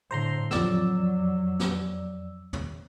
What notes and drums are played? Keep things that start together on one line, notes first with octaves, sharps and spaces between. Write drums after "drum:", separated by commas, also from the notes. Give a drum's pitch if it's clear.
A2 D3 C5 A#5 C6
F2 F#3 D5 E6, drum: snare
drum: snare
drum: tom